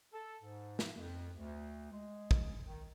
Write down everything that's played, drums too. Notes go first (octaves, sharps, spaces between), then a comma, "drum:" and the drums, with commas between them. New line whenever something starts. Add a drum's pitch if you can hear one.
A4
G#2
drum: snare
F2
D2
G#3
drum: kick
D#3